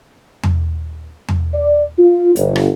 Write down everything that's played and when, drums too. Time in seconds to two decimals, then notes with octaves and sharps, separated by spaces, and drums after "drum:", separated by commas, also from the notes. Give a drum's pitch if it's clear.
0.43 drum: tom E2
1.29 drum: tom E2
1.54 D5
1.99 F4
2.36 G1, drum: hi-hat
2.56 drum: rim click